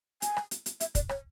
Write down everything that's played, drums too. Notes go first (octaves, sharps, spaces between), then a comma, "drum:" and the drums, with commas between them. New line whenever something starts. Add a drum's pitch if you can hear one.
G#5, drum: hi-hat
drum: rim click
drum: hi-hat
drum: hi-hat
E5, drum: hi-hat
D5, drum: kick, hi-hat
C#5, drum: rim click